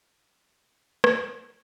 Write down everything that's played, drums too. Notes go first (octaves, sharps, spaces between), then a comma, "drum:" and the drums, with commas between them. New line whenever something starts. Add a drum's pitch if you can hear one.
G#2 G#3 A3 B3 D#4 G4
drum: rim click